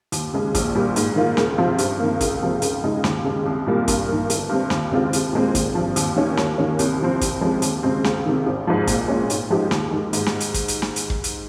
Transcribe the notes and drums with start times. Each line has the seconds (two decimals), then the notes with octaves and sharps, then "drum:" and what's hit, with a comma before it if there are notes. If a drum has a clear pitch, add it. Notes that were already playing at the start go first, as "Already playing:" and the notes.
0.12 D#2, drum: hi-hat
0.33 C#3 G#3
0.55 A#1, drum: kick, hi-hat
0.75 A#2 G3 A#3
0.96 G#2, drum: hi-hat
1.16 D#3 A#3 F4
1.37 C#2, drum: snare
1.58 C3 F3 C4 F4
1.78 G2, drum: hi-hat
2.00 D#3 A#3
2.21 C#2, drum: kick, hi-hat
2.42 C3 F3 A#3
2.62 C#2, drum: hi-hat
2.84 C#3 G#3 D#4
3.04 D#2, drum: snare
3.24 C#3 G#3
3.46 C2
3.66 A#2 G3 A#3 F4
3.88 G2, drum: kick, hi-hat
4.09 D#3 A#3
4.30 G1, drum: hi-hat
4.49 G2 G3 C4
4.70 D#2, drum: snare
4.91 C#3 G#3 C4 F4
5.13 C2, drum: hi-hat
5.33 A#2 G#3 C4
5.55 G#1, drum: kick, hi-hat
5.75 G2 F3
5.96 D#2, drum: hi-hat
6.17 D#3 A#3 C#4
6.37 D#2, drum: snare
6.58 D#3 A#3 C#4
6.79 C2, drum: hi-hat
7.00 C3 F3 C4
7.21 C2, drum: kick, hi-hat
7.41 C3 F3 G#3 C#4
7.62 D#2, drum: hi-hat
7.83 C#3 G#3 C4
8.04 C#2, drum: snare
8.26 C3 D#3
8.46 G#1
8.67 G#2 F3
8.87 A#2, drum: kick, hi-hat
9.08 G#3 C#4 F4
9.30 G#2, drum: hi-hat
9.50 F3 G#3 D#4 G4
9.71 D#2, drum: snare
9.91 D#3 G#3
10.13 G#2, drum: hi-hat
10.26 drum: snare
10.40 drum: hi-hat
10.54 drum: kick, hi-hat
10.68 drum: hi-hat
10.82 drum: snare
10.96 drum: hi-hat
11.10 drum: kick
11.24 drum: hi-hat